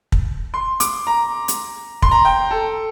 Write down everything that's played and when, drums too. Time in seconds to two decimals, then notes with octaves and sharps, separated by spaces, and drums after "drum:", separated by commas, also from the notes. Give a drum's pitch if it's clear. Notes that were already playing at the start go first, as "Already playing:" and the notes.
0.12 drum: kick
0.54 C6
0.80 D6, drum: hi-hat
1.07 A#5
1.48 drum: hi-hat
2.02 C6, drum: kick
2.11 A#5
2.25 G5
2.51 A4